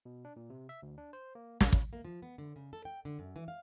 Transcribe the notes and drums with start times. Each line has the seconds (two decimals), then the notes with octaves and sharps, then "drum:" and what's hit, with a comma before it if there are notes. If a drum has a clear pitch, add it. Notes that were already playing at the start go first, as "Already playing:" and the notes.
0.05 B2
0.25 D4
0.36 A#2
0.50 C3
0.69 E5
0.83 D2
0.98 D4
1.13 C5
1.35 A#3
1.61 A#3, drum: snare
1.73 drum: kick
1.93 A#3
2.05 F3
2.22 B3
2.38 D3
2.56 C#3
2.73 A4
2.85 G5
3.05 D3
3.19 F#2
3.36 E3
3.48 F5